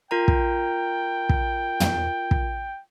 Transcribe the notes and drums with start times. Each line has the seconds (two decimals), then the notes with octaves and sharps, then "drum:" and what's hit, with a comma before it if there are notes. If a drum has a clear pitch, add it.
0.11 F4 A#4 G5 A#5
0.28 drum: kick
1.29 drum: kick
1.80 drum: tom
2.31 drum: kick